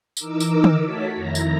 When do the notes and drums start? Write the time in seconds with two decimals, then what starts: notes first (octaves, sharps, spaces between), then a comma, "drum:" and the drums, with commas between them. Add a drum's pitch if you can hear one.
0.17 E3 D#4 A#4 D6 E6, drum: tambourine
0.40 drum: tambourine
0.64 drum: tom
0.83 A3 F#4 C#5 A5 B6
1.15 F2 D#3 E4 A#5 A#6
1.35 drum: tambourine